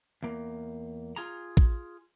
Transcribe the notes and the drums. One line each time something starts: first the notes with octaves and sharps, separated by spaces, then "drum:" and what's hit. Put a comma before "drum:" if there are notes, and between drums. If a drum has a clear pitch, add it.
E2 A#3
F4 G#4 A#5
drum: kick